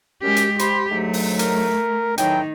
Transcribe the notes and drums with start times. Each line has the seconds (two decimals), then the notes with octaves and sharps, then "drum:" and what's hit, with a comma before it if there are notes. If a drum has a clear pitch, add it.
0.22 F#2 G#3 C#4 G4
0.36 drum: hi-hat
0.59 G4 C5 B5 C6, drum: hi-hat
0.91 D2 G#2 F#3 A3
1.13 drum: open hi-hat
1.39 A#4, drum: hi-hat
2.18 A2 D#3 E3 F#3 G5, drum: hi-hat